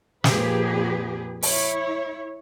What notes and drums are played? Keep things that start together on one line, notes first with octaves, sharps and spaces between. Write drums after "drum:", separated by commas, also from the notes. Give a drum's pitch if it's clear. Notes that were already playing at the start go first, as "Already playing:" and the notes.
F2 A#2 G4 G#4 B4, drum: snare
E4 C#5, drum: open hi-hat